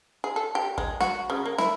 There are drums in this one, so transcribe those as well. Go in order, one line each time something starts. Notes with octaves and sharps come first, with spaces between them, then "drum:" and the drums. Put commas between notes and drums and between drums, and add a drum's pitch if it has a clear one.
G#4
A4
G4
G#3, drum: kick
F#4, drum: snare
C#3
A#3
E4, drum: snare